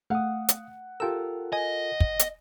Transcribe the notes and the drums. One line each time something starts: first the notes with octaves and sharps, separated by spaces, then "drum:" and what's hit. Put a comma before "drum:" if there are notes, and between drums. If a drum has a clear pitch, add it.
A3 F5 F#5 D#6
drum: hi-hat
F4 G4 A4 A#4 G5 E6
D#5 G#5
drum: kick
drum: hi-hat